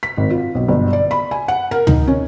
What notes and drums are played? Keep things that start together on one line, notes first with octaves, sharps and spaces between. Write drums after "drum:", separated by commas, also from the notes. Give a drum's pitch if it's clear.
B6
G#1
F4
B1
G1
D5
B5
G#5
F#5
A#4
D#4, drum: tom D2
C#4